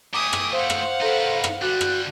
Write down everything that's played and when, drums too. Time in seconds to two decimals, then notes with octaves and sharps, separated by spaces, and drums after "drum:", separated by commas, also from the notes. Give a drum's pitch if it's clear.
0.14 A3 G4 G#5 D6 D#6
0.33 drum: rim click
0.53 C5 F5 F#5
0.70 drum: rim click
1.02 D#4 A4 B4
1.44 drum: rim click
1.62 D3 G3 F#4 F#6
1.81 drum: rim click